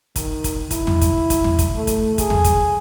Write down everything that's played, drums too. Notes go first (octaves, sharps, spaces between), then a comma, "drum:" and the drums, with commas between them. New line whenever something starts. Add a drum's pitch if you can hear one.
D#3, drum: kick, hi-hat
drum: kick, hi-hat
E4, drum: kick, hi-hat
drum: tom
drum: kick, hi-hat
drum: kick, hi-hat
drum: tom
drum: kick, hi-hat
A3
drum: kick, hi-hat
G#4, drum: kick, hi-hat
drum: tom
drum: kick, hi-hat